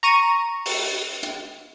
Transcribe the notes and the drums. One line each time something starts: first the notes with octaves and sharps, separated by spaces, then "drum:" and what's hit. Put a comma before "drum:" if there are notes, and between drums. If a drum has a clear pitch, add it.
A#5 C#6 D#7
drum: open hi-hat
drum: hi-hat